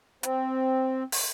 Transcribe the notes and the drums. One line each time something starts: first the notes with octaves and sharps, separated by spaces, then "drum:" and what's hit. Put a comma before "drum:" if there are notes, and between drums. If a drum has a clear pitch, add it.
C4, drum: hi-hat
drum: open hi-hat